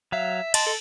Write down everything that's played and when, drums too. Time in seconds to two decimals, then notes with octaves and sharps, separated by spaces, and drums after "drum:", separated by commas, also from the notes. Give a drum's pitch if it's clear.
0.12 F#3 E5 F5
0.54 D#5 A5 C6, drum: cymbal
0.66 A4